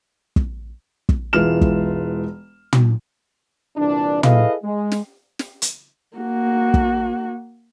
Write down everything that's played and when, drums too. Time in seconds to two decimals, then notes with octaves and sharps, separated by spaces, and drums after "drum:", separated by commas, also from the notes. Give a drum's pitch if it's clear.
0.36 drum: kick
1.09 drum: kick
1.33 E1 E3 G#3 F4 F6 E7
1.61 drum: kick
2.73 drum: tom
3.77 C2 A#2 E3 D4
4.23 E4 G#4 A4 B4 D#5 F5, drum: tom
4.64 G#3
4.92 drum: snare
5.39 drum: snare
5.62 drum: hi-hat
6.17 A#3 F#4
6.74 drum: kick